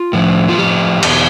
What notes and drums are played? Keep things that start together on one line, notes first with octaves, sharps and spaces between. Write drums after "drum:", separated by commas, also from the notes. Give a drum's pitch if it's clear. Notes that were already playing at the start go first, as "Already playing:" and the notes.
Already playing: F4
A2 F3
F4
A2 F3 G4
E2 B2, drum: cymbal